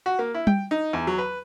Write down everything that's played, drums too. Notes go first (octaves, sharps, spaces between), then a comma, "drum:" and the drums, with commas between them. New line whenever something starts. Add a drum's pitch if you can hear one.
F#4
A#3
E4
G5, drum: tom G3
D#4
E2
F#3
B4